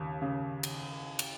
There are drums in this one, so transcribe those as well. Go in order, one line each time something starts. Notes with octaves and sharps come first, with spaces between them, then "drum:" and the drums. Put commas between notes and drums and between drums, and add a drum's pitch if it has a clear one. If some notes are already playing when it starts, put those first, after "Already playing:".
Already playing: D#2 C#3
C#3
drum: cymbal
drum: cymbal